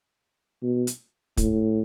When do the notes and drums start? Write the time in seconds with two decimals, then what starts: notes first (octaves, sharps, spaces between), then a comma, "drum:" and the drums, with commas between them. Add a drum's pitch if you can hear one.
0.63 B2
0.87 drum: hi-hat
1.37 A2, drum: kick, hi-hat